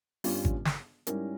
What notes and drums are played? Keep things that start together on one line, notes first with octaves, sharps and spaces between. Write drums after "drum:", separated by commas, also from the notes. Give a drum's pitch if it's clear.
G1 G2 G3 C#4 F4, drum: open hi-hat
drum: kick G#1
drum: snare
G#2 G3 C#4 E4 A#4, drum: hi-hat